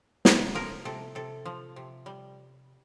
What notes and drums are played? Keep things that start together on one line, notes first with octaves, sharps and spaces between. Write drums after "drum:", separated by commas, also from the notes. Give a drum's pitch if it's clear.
C3 B4, drum: snare
F3 A#4
C3 A4
C3 A4
F3
C3
G3